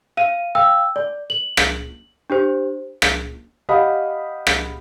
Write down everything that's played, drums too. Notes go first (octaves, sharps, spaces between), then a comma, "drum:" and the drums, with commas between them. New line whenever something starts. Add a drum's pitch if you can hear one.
F5 D#7
F5 G5 E6
D5
F#7
drum: rim click
D4 G4 C5
drum: rim click
G4 D#5 F5 F#5 B5 D#6
drum: rim click